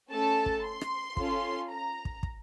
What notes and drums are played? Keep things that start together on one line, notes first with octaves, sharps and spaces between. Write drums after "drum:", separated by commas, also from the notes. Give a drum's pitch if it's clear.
A3 C#4 A4 A5
drum: kick
C6
drum: rim click
C#4 F4 A4, drum: kick
A#5
drum: kick
drum: kick